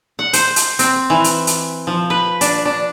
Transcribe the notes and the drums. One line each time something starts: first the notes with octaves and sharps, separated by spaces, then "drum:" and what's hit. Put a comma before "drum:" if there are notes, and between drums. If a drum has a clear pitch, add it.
F#5
C5, drum: hi-hat
drum: hi-hat
C4, drum: hi-hat
E3
drum: hi-hat
drum: hi-hat
F3
B4
D4, drum: hi-hat
D4